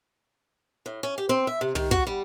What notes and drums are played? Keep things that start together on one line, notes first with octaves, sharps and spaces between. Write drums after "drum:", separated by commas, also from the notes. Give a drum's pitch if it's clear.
A2
C#4
G4
C4
E5
C3
D#3, drum: tom
F#4, drum: kick
G3